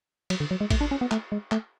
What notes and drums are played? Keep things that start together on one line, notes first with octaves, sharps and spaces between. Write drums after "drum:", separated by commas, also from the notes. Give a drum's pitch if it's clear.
F#3, drum: cymbal
D3
F#3
G#3
A3, drum: kick G#1, cymbal
D4
C#4
B3
A3, drum: clap
G#3
A3, drum: clap